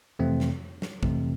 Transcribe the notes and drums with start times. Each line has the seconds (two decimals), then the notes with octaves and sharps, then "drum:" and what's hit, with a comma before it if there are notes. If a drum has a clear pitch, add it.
0.19 F2 C3 E3 A3 C4
0.40 drum: snare
0.82 drum: snare
1.03 F2 C3 E3 A3 C4, drum: kick